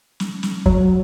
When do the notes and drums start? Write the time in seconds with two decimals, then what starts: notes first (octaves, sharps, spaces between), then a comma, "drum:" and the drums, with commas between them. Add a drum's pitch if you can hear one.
0.20 drum: snare
0.43 drum: snare
0.66 F#3, drum: kick